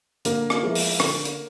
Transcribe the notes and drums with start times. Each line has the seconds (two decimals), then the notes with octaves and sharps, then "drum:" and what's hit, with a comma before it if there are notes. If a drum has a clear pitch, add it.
0.25 D3 A#3, drum: hi-hat
0.50 drum: rim click
0.63 F3 G#3 B3 E4
0.75 drum: open hi-hat
1.00 D3, drum: rim click
1.25 drum: hi-hat